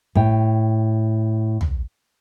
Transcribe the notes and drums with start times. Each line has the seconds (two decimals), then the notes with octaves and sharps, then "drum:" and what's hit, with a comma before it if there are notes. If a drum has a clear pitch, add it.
0.15 A2 G5, drum: kick
1.61 drum: tom